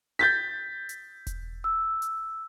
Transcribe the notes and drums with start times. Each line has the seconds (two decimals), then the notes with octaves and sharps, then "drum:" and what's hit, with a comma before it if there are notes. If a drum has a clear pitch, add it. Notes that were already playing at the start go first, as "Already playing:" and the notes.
0.19 G6 A6 B6
0.89 drum: hi-hat
1.27 drum: kick E1, hi-hat
1.64 E6
2.02 drum: hi-hat